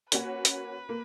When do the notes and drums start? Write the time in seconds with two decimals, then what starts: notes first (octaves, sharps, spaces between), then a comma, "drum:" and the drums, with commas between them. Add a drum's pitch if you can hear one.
0.12 A#3 C#4 F#4 B4 C#5, drum: hi-hat
0.45 drum: hi-hat
0.89 A#3